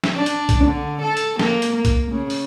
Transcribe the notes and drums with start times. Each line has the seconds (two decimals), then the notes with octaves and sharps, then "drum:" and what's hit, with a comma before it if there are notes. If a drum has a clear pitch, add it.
0.04 drum: snare F#3
0.17 D4
0.26 drum: hi-hat
0.49 drum: kick B1, hi-hat
0.65 D3
1.02 A4
1.17 drum: hi-hat
1.39 A#3, drum: snare F#3
1.62 drum: hi-hat
1.72 A#3
1.85 drum: kick B1, hi-hat
2.12 C#3
2.30 drum: open hi-hat